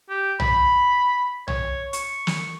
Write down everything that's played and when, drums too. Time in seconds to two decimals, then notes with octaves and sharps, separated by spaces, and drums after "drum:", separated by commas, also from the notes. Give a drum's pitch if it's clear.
0.10 G4
0.40 B5, drum: tom B1
1.48 C#5, drum: tom B1
1.93 C#6, drum: hi-hat
2.27 drum: snare